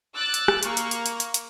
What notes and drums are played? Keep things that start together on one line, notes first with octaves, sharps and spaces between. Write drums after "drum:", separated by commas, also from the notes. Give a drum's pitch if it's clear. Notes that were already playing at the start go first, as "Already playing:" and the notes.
D6 E6 F#6 A6
drum: hi-hat
drum: rim click
A#3 C#6, drum: hi-hat
drum: hi-hat
drum: hi-hat
drum: hi-hat
drum: hi-hat
drum: hi-hat